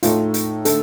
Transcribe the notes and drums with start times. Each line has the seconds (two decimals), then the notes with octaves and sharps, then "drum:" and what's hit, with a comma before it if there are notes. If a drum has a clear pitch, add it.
0.03 A2 A3 D#4 F4 A4, drum: hi-hat
0.34 drum: hi-hat
0.65 D3 A3 A4, drum: hi-hat